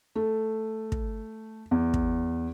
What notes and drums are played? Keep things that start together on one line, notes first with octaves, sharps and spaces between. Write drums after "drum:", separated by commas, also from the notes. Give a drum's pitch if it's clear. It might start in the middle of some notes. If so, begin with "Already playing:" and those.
A3
drum: kick
E2
drum: kick